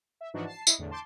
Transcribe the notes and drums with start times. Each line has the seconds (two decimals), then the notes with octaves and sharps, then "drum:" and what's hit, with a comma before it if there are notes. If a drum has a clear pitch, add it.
0.21 E5
0.34 G#2 E3 F3 D4 D#4 F#4
0.45 A5 C7
0.67 E4 D#5, drum: tambourine
0.78 E2 A2 D3
0.91 A5 C6 D6 G6